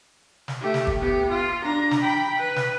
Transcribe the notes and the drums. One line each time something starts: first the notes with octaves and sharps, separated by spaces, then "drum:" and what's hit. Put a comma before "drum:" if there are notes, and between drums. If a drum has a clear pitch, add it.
drum: snare
A3 G4
drum: snare
drum: kick
B3 G4
F4
D4 A#5
drum: snare
G5 B5
B4
drum: snare